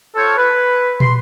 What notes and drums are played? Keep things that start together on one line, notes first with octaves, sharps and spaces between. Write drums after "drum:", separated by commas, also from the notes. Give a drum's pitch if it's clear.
F4 A4 C5 C#5
B4
C6, drum: tom